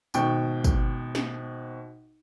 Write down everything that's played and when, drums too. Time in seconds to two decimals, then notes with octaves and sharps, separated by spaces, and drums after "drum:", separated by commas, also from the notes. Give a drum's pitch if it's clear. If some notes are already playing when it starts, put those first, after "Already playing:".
0.14 G#1 B2 G5 C#6, drum: tambourine
0.64 drum: kick, tambourine
1.15 drum: snare